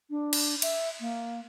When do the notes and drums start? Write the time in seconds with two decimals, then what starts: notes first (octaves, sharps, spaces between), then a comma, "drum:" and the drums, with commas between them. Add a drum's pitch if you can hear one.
0.10 D4
0.33 drum: cymbal
0.62 E5, drum: cymbal
1.00 A#3